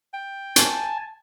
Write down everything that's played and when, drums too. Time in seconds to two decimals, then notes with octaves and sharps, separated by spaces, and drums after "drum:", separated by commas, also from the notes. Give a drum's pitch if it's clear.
0.14 G5
0.56 G#5 A5, drum: hi-hat